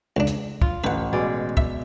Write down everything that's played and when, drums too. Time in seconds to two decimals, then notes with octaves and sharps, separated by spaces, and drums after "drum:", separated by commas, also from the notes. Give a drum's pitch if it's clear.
0.17 C#2 D4
0.27 drum: hi-hat
0.62 F4, drum: kick
0.84 A1 B4 F#5
1.13 B2 G#3 D5
1.57 E5, drum: kick